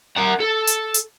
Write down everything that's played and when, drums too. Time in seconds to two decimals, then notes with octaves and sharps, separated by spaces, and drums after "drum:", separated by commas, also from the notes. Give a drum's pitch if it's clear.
0.17 A#4 F#5
0.40 A4
0.67 drum: hi-hat
0.94 drum: hi-hat